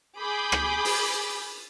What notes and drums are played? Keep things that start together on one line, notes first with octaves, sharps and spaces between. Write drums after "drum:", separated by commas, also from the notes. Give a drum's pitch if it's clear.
G#4 B5 D6 G6
drum: rim click
drum: open hi-hat